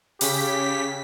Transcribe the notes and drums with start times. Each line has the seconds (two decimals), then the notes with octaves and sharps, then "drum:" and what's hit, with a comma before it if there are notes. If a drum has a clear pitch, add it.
0.21 C#3 G4 B6, drum: open hi-hat